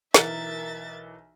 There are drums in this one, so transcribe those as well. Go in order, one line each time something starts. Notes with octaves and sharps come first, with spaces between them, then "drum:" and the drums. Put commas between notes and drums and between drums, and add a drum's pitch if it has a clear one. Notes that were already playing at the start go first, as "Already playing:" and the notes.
B1 E3 A#4 E5 A6, drum: snare